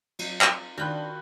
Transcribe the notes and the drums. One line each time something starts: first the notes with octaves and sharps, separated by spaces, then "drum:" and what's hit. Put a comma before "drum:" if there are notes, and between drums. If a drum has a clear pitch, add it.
F#3, drum: cymbal
drum: clap
D#3 D4 F4 F#4 B5 F#6 G6